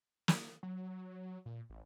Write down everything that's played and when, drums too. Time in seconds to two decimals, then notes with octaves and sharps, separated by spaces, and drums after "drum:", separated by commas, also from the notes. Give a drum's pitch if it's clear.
0.28 drum: snare
0.63 F#3
1.46 A#2
1.70 A1